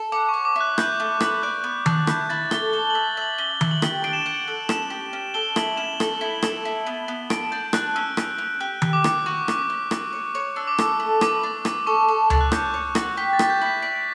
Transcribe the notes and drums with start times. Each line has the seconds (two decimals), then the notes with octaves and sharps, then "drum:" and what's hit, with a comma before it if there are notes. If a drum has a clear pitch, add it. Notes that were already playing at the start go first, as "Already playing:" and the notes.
Already playing: A4
0.12 F#5 D6
0.29 C#5 C#6
0.45 D6
0.56 E4 F#6
0.78 B4 G6, drum: rim click
1.00 A3
1.20 B4, drum: rim click
1.43 D5 F#6
1.64 B3
1.86 D4, drum: tom D#3
2.07 E4 G6, drum: rim click
2.29 E4 A6
2.51 A3 G7, drum: rim click
2.73 A4 G7
2.85 G7
2.90 E5 F#7
3.17 E5 F#7
3.38 C#4 G7
3.61 E4, drum: tom D#3
3.71 F#7
3.82 G4, drum: rim click
4.04 D4 D7
4.13 E7
4.22 F#5 D7
4.48 A4
4.69 C#4 E7, drum: rim click
4.90 G4
5.13 C#4
5.34 A4 G7
5.56 E4 F#7, drum: rim click
5.77 C#4 E7
6.00 A4, drum: rim click
6.21 E4
6.42 A4, drum: rim click
6.65 E4
6.87 B3
7.08 B3
7.30 A4 D7, drum: rim click
7.52 D4 G6
7.73 D4 F#6, drum: rim click
7.96 C#4 E6
8.17 C#4, drum: rim click
8.38 C#4
8.61 G4 F#6
8.82 G4, drum: tom D#3
8.93 D6
9.04 C#5, drum: rim click
9.26 F#4 C#6
9.48 C#4, drum: rim click
9.58 D6
9.70 C#4
9.91 F#4, drum: rim click
10.13 C#5
10.35 C#5
10.56 D4 E6
10.67 D6
10.78 A4 E6, drum: rim click
11.00 A3
11.21 B4 D6, drum: rim click
11.43 D4
11.65 B4, drum: rim click
11.87 A4 C#6
12.08 A4
12.30 D4, drum: tom C#2
12.41 F#6
12.52 C#5 G6, drum: rim click
12.74 C#5
12.95 F#4, drum: rim click
13.17 G4 B6
13.33 A6
13.39 G4, drum: rim click
13.50 G6
13.61 E4 B6
13.82 D5 B6